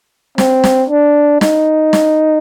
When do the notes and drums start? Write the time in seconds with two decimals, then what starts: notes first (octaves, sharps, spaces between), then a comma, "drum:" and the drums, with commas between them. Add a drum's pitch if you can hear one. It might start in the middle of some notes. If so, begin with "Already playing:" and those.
0.38 C4, drum: snare
0.64 drum: snare
0.90 D4
1.41 D#4, drum: snare
1.93 drum: snare